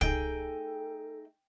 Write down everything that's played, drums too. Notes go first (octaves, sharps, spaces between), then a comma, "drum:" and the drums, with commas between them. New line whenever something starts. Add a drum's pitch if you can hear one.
A3 D#4 G#4 A4 G5, drum: kick